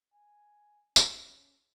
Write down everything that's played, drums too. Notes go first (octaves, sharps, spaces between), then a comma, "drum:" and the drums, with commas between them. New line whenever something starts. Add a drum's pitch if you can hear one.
G#5
C#4, drum: tambourine